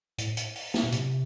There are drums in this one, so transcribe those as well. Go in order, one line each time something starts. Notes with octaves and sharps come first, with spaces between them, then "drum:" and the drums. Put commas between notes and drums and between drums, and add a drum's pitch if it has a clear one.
A2, drum: hi-hat
drum: hi-hat
drum: open hi-hat
drum: snare
A#2
C3, drum: hi-hat